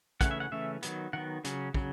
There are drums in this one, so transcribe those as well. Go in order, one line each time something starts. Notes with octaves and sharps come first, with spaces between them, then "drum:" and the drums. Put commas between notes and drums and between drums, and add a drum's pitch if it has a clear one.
C#3 E3 A3 C#4 F#5, drum: kick, hi-hat
E5
F#5
C#3 E3 A3 C#4 E5
D#3 F#3 B3, drum: hi-hat
D#3 F#3 B3 F#5
C#3 F#3 C#4, drum: hi-hat
C#3 F#3, drum: kick